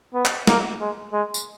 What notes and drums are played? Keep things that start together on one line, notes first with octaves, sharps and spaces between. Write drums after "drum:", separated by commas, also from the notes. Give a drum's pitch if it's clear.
B3
drum: clap
A#3, drum: snare
G#3
G#3
drum: tambourine